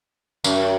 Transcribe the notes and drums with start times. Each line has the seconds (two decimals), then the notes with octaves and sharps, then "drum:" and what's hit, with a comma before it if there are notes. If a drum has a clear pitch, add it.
0.44 F#2, drum: tambourine